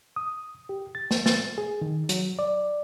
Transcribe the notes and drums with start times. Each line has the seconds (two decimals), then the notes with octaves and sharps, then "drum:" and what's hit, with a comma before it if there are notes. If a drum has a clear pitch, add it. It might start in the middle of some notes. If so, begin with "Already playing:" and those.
0.16 D#6
0.69 G4
0.95 A6
1.11 drum: snare
1.26 A6, drum: snare
1.58 G#4
1.81 D#3
2.09 F#3, drum: hi-hat
2.39 D5